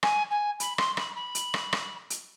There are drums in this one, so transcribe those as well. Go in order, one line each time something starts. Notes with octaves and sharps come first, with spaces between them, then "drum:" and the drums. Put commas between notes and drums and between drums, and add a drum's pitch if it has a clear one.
G#5, drum: rim click
G#5
B5, drum: hi-hat
C6, drum: rim click
B5, drum: rim click
B5
drum: hi-hat
drum: rim click
drum: rim click
drum: hi-hat